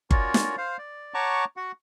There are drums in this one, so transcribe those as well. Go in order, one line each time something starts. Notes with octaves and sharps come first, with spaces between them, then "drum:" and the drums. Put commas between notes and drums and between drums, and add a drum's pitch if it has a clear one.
C#4 F4 F#4 A#4 C#5 D5, drum: kick G1
drum: snare
C5 F5
D5
C#5 F#5 A5 A#5 C#6 D6
F#4 F#5